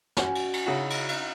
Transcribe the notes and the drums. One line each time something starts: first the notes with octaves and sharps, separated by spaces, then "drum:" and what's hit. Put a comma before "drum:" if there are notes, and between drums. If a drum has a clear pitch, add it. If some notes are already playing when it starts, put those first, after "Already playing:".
C#4 F#4, drum: snare
drum: cymbal
drum: cymbal
C#3 D#4 E4 F#4
drum: cymbal
drum: cymbal